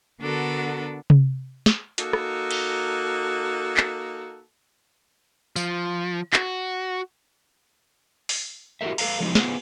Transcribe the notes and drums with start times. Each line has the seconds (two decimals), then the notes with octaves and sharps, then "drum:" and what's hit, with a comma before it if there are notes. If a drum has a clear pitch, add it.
0.20 D3 B3 D4 F#4 A4 A#4
1.10 drum: tom C3
1.66 drum: snare
1.98 A#3 D#4 F#4 A4, drum: hi-hat
2.13 drum: rim click
2.51 drum: cymbal
3.77 drum: clap
5.56 F3, drum: tambourine
6.33 F#4, drum: clap
8.29 drum: open hi-hat
8.81 E4 F#4 G4 A4 A#4 E5
8.98 A4 B4 E5 F5 A#5, drum: cymbal
9.20 F3 F#3 G#3 B3 D#4 E4
9.35 B3 F4 G#4 B4 C5, drum: snare